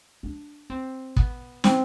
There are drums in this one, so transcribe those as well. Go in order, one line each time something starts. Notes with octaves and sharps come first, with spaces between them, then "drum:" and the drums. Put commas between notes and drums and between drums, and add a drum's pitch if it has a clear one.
D4
C4
B3, drum: kick
C4, drum: snare